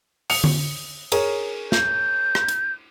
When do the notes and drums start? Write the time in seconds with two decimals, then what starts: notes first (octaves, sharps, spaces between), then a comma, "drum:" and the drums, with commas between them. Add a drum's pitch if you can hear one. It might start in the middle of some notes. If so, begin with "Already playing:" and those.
0.30 D#6 C#7 F7, drum: open hi-hat
0.44 drum: tom D3
1.12 G#4 A#4 C#5, drum: cymbal
1.72 G6, drum: snare
2.35 drum: rim click
2.48 drum: hi-hat